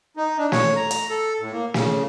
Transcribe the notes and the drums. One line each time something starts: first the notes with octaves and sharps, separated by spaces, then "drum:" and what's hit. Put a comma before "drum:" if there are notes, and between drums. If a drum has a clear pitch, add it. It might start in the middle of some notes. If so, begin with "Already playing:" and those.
D#4
D4
C#5, drum: snare
A#5
drum: hi-hat
A4
A2
A#3
C#3, drum: snare